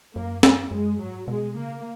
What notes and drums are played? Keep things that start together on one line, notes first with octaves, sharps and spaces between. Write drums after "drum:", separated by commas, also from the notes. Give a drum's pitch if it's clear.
F#2 A#3
A#3, drum: snare
F#2 G#3
G#2 F#3
B2 G#3
C#3 A#3